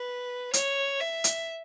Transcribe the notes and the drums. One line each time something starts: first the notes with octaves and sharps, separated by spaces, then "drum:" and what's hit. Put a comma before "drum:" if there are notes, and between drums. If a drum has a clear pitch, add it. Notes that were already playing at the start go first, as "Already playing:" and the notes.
Already playing: B4
C#5, drum: hi-hat
E5
drum: hi-hat